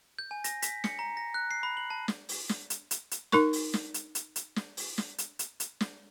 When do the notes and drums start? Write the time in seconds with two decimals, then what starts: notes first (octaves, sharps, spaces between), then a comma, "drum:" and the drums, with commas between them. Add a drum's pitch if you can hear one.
0.19 G6
0.31 G#5
0.44 A#6, drum: hi-hat
0.62 B6, drum: hi-hat
0.84 C#7, drum: snare
0.99 A#5
1.17 A#6
1.34 F#6
1.51 C7
1.63 B5
1.77 F#7
1.90 A5
2.08 drum: snare
2.29 drum: open hi-hat
2.49 drum: snare
2.70 drum: hi-hat
2.91 drum: hi-hat
3.11 drum: hi-hat
3.32 D#4 A#4 C#6, drum: snare
3.53 drum: open hi-hat
3.74 drum: snare
3.94 drum: hi-hat
4.15 drum: hi-hat
4.36 drum: hi-hat
4.56 drum: snare
4.77 drum: open hi-hat
4.98 drum: snare
5.18 drum: hi-hat
5.39 drum: hi-hat
5.60 drum: hi-hat
5.81 drum: snare